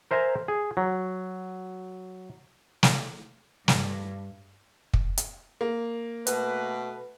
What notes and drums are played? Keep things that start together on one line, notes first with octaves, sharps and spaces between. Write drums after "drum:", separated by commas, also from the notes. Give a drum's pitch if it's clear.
A#4 C5 E5 G#5 A#5
G#4
F#3
drum: snare
G2, drum: snare
drum: kick
drum: hi-hat
A#3
B2 A3 B4, drum: hi-hat